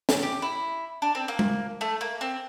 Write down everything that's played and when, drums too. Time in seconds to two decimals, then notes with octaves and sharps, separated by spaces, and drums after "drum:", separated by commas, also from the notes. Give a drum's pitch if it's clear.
0.09 drum: snare
0.23 G4
0.42 E4
1.02 D4
1.15 C4
1.28 A#3
1.39 drum: tom G#3
1.81 A3
2.01 A#3
2.21 C4